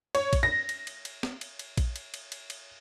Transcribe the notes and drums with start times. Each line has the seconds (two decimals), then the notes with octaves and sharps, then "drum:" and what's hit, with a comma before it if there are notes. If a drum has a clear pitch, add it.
0.15 C#5, drum: cymbal
0.33 drum: kick A#1, cymbal
0.43 A#6
0.69 drum: cymbal
0.87 drum: cymbal
1.05 drum: cymbal
1.23 drum: snare
1.41 drum: cymbal
1.59 drum: cymbal
1.77 drum: kick A#1, cymbal
1.96 drum: cymbal
2.14 drum: cymbal
2.32 drum: cymbal
2.50 drum: cymbal